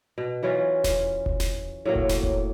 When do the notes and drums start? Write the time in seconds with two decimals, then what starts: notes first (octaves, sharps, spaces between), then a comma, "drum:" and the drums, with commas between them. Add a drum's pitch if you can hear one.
0.18 B2
0.43 E3 F#3 C#4 F4
0.84 drum: snare E1
1.26 drum: kick F1
1.40 drum: snare E1
1.85 A2 F#3 A#3
1.95 drum: kick F1
2.09 drum: snare E1
2.23 drum: kick F1